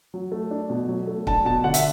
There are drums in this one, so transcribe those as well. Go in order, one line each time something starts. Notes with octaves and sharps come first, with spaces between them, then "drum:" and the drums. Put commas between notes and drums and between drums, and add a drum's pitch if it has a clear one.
F#3
A3
D4
B2
F#3
A3
D4 A5, drum: kick
B2 A5
D3 F#5
E5, drum: hi-hat